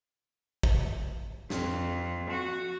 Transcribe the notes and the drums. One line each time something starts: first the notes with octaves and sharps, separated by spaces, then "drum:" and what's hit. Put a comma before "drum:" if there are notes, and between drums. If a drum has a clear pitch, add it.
drum: kick
F2, drum: snare
F#4